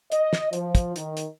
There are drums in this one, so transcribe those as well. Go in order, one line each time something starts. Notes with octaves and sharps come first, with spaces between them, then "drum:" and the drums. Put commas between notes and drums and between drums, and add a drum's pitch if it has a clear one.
D#5, drum: hi-hat
drum: snare
F3, drum: hi-hat
drum: kick, hi-hat
D#3, drum: hi-hat
drum: hi-hat